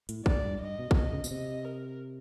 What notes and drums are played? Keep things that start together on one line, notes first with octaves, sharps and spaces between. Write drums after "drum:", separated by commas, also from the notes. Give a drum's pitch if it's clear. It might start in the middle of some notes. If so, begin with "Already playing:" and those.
A2, drum: hi-hat
G#2 D5, drum: kick
G2
G2 D#5
B2
C#3, drum: kick
C3 D#5
C#3
B2, drum: tambourine
C3 D#5
A#4